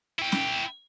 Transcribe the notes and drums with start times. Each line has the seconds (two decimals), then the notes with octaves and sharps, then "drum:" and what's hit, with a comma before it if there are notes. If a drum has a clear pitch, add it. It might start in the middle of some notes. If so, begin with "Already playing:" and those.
0.19 E4 G5
0.32 drum: snare